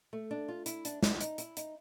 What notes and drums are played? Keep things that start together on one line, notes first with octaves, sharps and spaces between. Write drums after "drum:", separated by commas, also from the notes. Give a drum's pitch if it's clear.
A3
D4
F4
E4, drum: hi-hat
D4, drum: hi-hat
D4, drum: snare
D#4, drum: hi-hat
E4, drum: hi-hat
D#4, drum: hi-hat